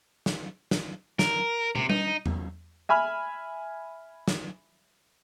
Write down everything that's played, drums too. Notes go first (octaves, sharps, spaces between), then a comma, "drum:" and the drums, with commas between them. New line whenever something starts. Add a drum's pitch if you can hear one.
drum: snare
drum: snare
A#4, drum: snare
C3, drum: tom
D#4, drum: tom G3
drum: tom E2
E5 G#5 B5 F6
drum: snare